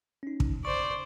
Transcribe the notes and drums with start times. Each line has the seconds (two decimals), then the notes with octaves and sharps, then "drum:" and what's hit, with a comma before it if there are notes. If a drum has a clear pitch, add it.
0.23 C#4 D#4
0.40 drum: kick
0.65 C5 D5 C#6